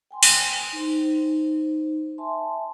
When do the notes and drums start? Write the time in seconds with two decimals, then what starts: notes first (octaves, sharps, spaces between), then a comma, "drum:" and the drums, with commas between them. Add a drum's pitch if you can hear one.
0.11 G5 G#5 C6
0.23 drum: open hi-hat
0.73 D#4 C5
2.18 E5 G#5 A5 C6